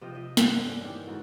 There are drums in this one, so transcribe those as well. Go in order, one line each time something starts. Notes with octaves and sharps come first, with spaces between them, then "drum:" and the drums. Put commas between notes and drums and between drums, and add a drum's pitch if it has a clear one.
C3 F3 D#5 G5
F3 D#5 E5
G2 C4 F#5, drum: snare
D3 C#4
D#3 E3 G4
G#2 C#3 F#4 A4